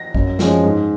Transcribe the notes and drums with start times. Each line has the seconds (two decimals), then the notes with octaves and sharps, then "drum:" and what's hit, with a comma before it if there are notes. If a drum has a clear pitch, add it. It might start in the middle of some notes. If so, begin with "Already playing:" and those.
Already playing: A#6
0.15 F#2, drum: kick
0.39 F3 G#3 C#4, drum: snare
0.63 G#2